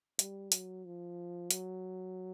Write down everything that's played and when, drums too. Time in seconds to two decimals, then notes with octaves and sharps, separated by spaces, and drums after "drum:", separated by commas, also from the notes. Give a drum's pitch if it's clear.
0.19 G3, drum: hi-hat
0.52 F#3, drum: hi-hat
0.85 F3
1.51 F#3, drum: hi-hat